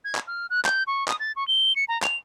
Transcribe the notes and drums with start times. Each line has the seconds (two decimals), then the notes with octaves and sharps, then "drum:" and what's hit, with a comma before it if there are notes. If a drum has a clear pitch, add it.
0.05 G#6
0.15 drum: clap
0.27 F6
0.50 F#6
0.65 G6, drum: clap
0.87 C#6
1.08 D#6, drum: clap
1.20 A6
1.36 C#6
1.48 G7
1.76 C#7
1.88 A#5
2.02 F7, drum: clap